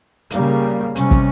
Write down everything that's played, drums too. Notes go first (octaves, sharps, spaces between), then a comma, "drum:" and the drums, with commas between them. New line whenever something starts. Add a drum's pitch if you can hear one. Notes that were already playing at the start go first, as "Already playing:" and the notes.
C#3 G3 A#3, drum: hi-hat
C3 G3 C#4, drum: hi-hat
drum: kick